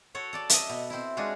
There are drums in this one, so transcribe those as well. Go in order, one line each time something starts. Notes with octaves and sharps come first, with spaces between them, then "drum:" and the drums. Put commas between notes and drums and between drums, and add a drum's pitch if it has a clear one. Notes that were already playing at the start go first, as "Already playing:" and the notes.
F#4 A4 C#5 F#5
A4 D5 A5
D#5 E5, drum: hi-hat
B2
C4 E4
G#3 D4 F4 F#4 G#4